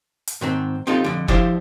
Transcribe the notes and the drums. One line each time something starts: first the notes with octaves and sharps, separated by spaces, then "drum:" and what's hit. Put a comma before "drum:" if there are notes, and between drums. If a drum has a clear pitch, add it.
drum: hi-hat
G#2 D#3 C4
C4 D#4 F4 G4 A4
F2 D3
F3 D4 E4 G4 C5 F5, drum: kick F#1